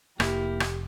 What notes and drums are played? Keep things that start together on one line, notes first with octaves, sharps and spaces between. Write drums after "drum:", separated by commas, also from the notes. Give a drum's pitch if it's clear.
F1 A#3 E4 G4, drum: rim click
drum: rim click